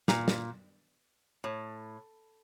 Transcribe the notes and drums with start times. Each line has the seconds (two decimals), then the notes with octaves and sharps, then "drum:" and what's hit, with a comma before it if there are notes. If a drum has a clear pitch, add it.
0.08 A#2, drum: snare
0.28 drum: snare
1.44 A2